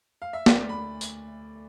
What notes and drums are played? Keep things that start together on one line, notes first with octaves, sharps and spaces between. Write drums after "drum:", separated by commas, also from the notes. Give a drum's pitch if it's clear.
F5
E5
D2 D5, drum: snare
B5
drum: tambourine